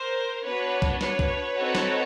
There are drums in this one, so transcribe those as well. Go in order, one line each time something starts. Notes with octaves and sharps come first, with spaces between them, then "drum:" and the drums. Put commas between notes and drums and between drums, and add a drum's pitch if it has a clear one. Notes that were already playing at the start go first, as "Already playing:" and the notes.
Already playing: A#4 C5
B3 D4 F#4 B4 C#5
drum: kick
B4 C#5, drum: snare
drum: kick
C4 D#4 F#4 A4
drum: snare